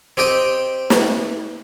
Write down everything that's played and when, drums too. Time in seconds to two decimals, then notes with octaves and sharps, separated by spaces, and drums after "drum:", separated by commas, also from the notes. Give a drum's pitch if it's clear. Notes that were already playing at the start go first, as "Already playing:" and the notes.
0.17 C4 G4 D#5 G5
0.90 drum: snare